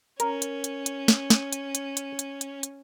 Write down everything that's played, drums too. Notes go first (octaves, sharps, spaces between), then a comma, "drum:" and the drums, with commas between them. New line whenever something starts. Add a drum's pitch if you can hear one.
C#4 A#4, drum: hi-hat
drum: hi-hat
drum: hi-hat
drum: hi-hat
drum: snare
drum: snare
drum: hi-hat
drum: hi-hat
drum: hi-hat
drum: hi-hat
drum: hi-hat
drum: hi-hat